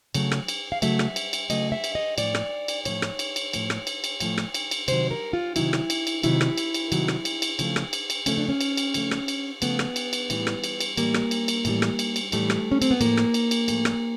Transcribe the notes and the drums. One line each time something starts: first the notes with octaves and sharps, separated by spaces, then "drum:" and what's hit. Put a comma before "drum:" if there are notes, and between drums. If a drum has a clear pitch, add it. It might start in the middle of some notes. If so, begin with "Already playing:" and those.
C#3 F#3 A3, drum: cymbal
drum: rim click
drum: cymbal
F5
C#3 F#3 A3 E5, drum: cymbal
drum: rim click
drum: cymbal
drum: cymbal
C#3 F#3 A3 D#5, drum: cymbal
E5
drum: cymbal
D#5
A2 F3 A3 D5, drum: cymbal
drum: rim click
drum: cymbal
A2 F3 A3 C#5, drum: cymbal
drum: rim click
drum: cymbal
drum: cymbal
A2 F3 A3, drum: cymbal
drum: rim click
drum: cymbal
drum: cymbal
A2 F3 A3, drum: cymbal
drum: rim click
drum: cymbal
drum: cymbal
C3 D#3 F#3 C5, drum: cymbal
A#4
F4
C3 D#3 F#3 E4, drum: cymbal
drum: rim click
drum: cymbal
drum: cymbal
C3 D#3 F#3 E4, drum: cymbal
drum: rim click
drum: cymbal
drum: cymbal
C3 D#3 F#3, drum: cymbal
drum: rim click
drum: cymbal
drum: cymbal
C#3 F3 A3, drum: cymbal
drum: rim click
drum: cymbal
drum: cymbal
C#3 F3 A3 C#4, drum: cymbal
D4
C#4
drum: cymbal
drum: cymbal
C#3 F3 A3, drum: cymbal
drum: rim click
drum: cymbal
C#3 F3 A3 B3, drum: cymbal
drum: rim click
drum: cymbal
drum: cymbal
A2 E3 G3, drum: cymbal
drum: rim click
drum: cymbal
drum: cymbal
A2 E3 G3 A#3, drum: cymbal
drum: rim click
drum: cymbal
drum: cymbal
A2 E3 G3, drum: cymbal
drum: rim click
drum: cymbal
drum: cymbal
A2 E3 G3 A3, drum: cymbal
drum: rim click
C#4
C4, drum: cymbal
B3
A2 F3 A3 A#3, drum: cymbal
drum: rim click
drum: cymbal
drum: cymbal
A2 F3 A3, drum: cymbal
drum: rim click